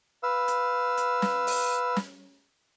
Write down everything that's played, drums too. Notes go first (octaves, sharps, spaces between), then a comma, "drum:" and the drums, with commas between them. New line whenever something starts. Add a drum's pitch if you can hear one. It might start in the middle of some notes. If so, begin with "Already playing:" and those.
B4 F5 E6
drum: hi-hat
drum: hi-hat
drum: snare
drum: open hi-hat
drum: snare